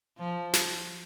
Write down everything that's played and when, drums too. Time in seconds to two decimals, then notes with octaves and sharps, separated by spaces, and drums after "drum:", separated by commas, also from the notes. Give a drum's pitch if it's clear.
0.18 F3
0.53 drum: snare